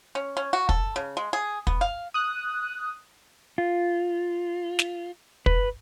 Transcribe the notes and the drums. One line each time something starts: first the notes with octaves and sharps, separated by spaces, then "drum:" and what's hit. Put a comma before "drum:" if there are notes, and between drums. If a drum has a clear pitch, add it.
C#4
C#4
F#4
A4, drum: kick
C#3
G#3
G#4
B3, drum: kick
F5
D#6 F#6
F4
drum: snare
B4, drum: kick